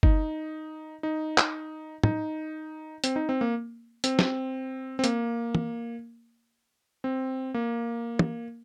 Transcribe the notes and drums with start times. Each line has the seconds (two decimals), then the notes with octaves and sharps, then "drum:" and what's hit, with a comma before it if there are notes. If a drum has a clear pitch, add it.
0.03 D#4, drum: kick F#1
1.03 D#4
1.38 drum: clap
2.03 D#4, drum: tom
3.04 C4, drum: hi-hat
3.16 D#4
3.29 C4
3.41 A#3
4.04 C4, drum: hi-hat
4.19 drum: snare
4.99 C4
5.04 A#3, drum: hi-hat
5.55 drum: tom
7.04 C4
7.54 A#3
8.19 drum: tom